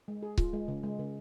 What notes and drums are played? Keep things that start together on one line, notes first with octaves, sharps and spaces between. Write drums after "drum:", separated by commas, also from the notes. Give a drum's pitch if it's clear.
G#3
G#4
F4, drum: kick C#1
G#3
C#3
G#3
C#3